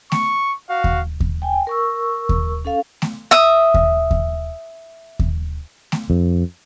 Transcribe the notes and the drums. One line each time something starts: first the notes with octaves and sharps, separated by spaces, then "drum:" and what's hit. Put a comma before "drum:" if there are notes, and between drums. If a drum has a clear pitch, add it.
C#6, drum: snare A3
F#4 F5
drum: kick D#2
drum: kick D#2
G5 G#5
A#4 C#6 E6
drum: kick D#2
C#4 A4 F5
drum: snare A3
E5 D#6
drum: kick D#2
drum: kick D#2
drum: kick D#2
drum: snare A3
F2